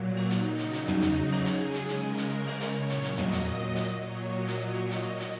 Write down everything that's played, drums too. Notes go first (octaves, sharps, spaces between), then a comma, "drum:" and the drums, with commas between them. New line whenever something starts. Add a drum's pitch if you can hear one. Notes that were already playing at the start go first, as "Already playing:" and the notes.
Already playing: A#2 F#3
drum: open hi-hat
D#4, drum: hi-hat
C#3 F#3, drum: hi-hat
drum: hi-hat
D#4, drum: tom
drum: hi-hat
drum: open hi-hat
G#4, drum: hi-hat
C#3 G#3, drum: hi-hat
drum: hi-hat
A#4
drum: hi-hat
A#4
drum: open hi-hat
C#5, drum: hi-hat
A#2 F#3, drum: hi-hat
drum: hi-hat
D#5, drum: tom
drum: hi-hat
drum: hi-hat
A#2 F#3 C#5
D#5
drum: hi-hat
C#5
D#5, drum: hi-hat
drum: hi-hat